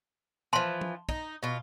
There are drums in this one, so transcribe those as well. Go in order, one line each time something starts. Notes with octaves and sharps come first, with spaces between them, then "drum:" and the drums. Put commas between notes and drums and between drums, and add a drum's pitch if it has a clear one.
E3 F3 A5 C6
drum: tom
D#4, drum: kick
B2 F4